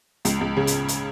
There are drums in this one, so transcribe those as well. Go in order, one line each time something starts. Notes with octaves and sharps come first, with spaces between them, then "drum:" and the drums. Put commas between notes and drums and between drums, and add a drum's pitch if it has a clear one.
C#2, drum: hi-hat
C#2
C#3
drum: hi-hat
drum: hi-hat